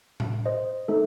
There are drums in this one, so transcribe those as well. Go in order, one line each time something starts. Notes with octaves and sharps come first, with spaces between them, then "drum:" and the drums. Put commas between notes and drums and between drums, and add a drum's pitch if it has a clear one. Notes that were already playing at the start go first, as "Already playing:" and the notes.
drum: tom A2
C5 D#5
A3 D#4 A4